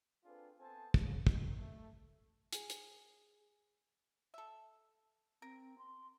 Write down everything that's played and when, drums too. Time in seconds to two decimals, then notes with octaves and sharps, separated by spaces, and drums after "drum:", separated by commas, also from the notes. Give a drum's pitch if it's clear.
0.24 C4 D4 F4 G#4 A4 B4
0.58 B3 C4 A4 C5 G#5 A5
0.94 D#2 G#2 C#3, drum: kick
1.27 D#3, drum: kick
1.57 A3
2.53 G#4, drum: hi-hat
2.70 drum: hi-hat
4.34 A4 E5
5.42 C4 A#4
5.78 C6